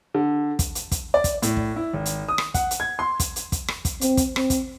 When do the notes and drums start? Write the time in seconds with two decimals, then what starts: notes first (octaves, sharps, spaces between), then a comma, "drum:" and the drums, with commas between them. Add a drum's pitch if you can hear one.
0.15 D3
0.59 drum: kick, hi-hat
0.75 drum: hi-hat
0.91 drum: kick, hi-hat
1.14 D5
1.24 drum: kick, hi-hat
1.42 A2, drum: hi-hat
1.57 drum: kick
1.76 E4
1.93 G#1
2.06 drum: hi-hat
2.29 D#6
2.38 drum: rim click
2.54 F#5, drum: kick, hi-hat
2.71 drum: hi-hat
2.80 G#6
2.99 C6
3.20 drum: kick, hi-hat
3.36 drum: hi-hat
3.52 drum: kick, hi-hat
3.68 drum: rim click
3.85 drum: kick, hi-hat
4.01 C4, drum: hi-hat
4.17 drum: kick, hi-hat
4.36 C4, drum: rim click
4.50 drum: kick, hi-hat